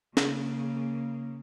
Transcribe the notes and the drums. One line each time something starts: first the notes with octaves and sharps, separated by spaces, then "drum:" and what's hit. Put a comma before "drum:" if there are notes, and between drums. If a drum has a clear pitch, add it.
C#3 A#3, drum: snare